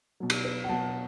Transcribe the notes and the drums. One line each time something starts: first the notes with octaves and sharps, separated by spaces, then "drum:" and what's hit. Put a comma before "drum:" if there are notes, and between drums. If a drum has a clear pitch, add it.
B2 F#3
drum: cymbal
B4
F#5
B2 F#3 A5